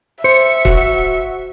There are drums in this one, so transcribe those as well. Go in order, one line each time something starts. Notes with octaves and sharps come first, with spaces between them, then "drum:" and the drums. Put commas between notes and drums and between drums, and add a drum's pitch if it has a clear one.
C5 E5 C#7
F#4, drum: kick